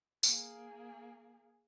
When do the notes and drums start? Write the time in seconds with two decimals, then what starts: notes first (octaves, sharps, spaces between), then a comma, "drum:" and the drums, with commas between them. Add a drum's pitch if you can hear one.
0.23 A#3 G#4, drum: tambourine